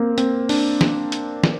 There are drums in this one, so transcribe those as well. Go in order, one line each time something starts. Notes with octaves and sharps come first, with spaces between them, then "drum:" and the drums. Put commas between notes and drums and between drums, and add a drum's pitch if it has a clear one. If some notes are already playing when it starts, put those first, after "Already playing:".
Already playing: A#3 C4
C4, drum: hi-hat
D4, drum: open hi-hat
drum: snare
drum: hi-hat
drum: snare